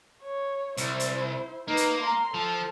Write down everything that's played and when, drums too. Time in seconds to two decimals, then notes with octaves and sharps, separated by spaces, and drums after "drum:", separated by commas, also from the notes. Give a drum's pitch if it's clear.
0.23 C#5
0.77 C2 E4 C5, drum: hi-hat
1.00 drum: hi-hat
1.68 A#3 D#4 B4
1.77 drum: hi-hat
1.99 A#5 C6
2.34 F3 A4